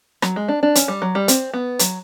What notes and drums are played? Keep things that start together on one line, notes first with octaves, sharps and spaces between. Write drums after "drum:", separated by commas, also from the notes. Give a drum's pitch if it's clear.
F#3, drum: rim click
G#3
D4
D4
C#4, drum: hi-hat
G3
F#3
G3
C4, drum: hi-hat
B3
F#3, drum: hi-hat